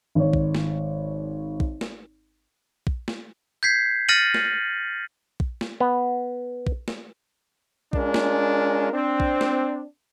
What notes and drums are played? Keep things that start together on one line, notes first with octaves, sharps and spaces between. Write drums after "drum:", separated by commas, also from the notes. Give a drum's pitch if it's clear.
G#1 C#5
drum: kick A#1
drum: snare
drum: kick A#1
drum: snare
drum: kick A#1
drum: snare
G6 G#6 B6 C7
F6 A6 A#6 C#7 D#7 F#7
drum: snare
drum: kick A#1
drum: snare
B3
drum: kick A#1
drum: snare
G#3 C#4 D4 F4 A#4, drum: kick A#1
drum: snare
C4 D4
drum: kick A#1
drum: snare